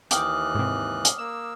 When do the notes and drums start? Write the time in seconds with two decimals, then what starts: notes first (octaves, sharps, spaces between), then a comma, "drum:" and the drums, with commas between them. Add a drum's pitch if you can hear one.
0.11 D#2 E3 G5 D6 D#6 F6 F#6, drum: hi-hat
0.55 G#2 C3
1.05 drum: hi-hat
1.18 A#3 E6 E7